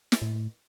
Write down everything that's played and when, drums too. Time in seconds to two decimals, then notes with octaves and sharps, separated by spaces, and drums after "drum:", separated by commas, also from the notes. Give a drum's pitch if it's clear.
0.12 drum: snare
0.22 A2